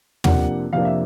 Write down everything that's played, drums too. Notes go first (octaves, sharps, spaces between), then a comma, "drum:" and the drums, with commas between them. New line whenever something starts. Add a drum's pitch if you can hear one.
F2 C3 F3 A#3 D4 F#5, drum: tom
F2 C3 F3 A#3 D4 F5
E5